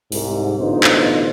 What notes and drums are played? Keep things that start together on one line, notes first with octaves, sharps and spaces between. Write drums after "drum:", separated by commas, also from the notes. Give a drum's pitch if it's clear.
C2 G#2, drum: open hi-hat
A1 B2 D3 D#4 F4 C5
drum: clap